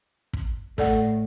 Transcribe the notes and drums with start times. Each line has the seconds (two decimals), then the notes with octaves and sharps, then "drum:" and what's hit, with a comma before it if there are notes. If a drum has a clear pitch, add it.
0.33 drum: kick
0.78 A2 A4 D5 F#5, drum: kick